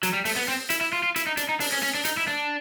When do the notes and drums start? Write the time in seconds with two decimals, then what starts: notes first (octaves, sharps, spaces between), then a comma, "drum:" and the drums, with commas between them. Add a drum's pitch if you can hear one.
0.03 F#3, drum: hi-hat
0.13 G3
0.25 A3, drum: open hi-hat
0.36 B3
0.48 C4
0.70 E4, drum: hi-hat
0.81 E4
0.93 F4
1.03 F4
1.16 E4, drum: hi-hat
1.26 D#4
1.37 D4, drum: hi-hat
1.49 D#4
1.60 D4, drum: open hi-hat
1.72 C#4
1.83 C#4
1.94 D4
2.05 D#4, drum: hi-hat
2.17 E4
2.28 D4